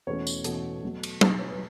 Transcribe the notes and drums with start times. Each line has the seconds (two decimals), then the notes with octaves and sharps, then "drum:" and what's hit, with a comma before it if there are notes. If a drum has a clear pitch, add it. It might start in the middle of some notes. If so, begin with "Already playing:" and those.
0.07 E2 B2 A3 C#4 C#5
0.27 drum: tambourine
0.44 E2 B2 A3 C#4 A4, drum: hi-hat
0.83 B2 F#3 A3
1.03 drum: cymbal
1.21 B2 F#3 A3 A4, drum: tom
1.39 C#5
1.49 B4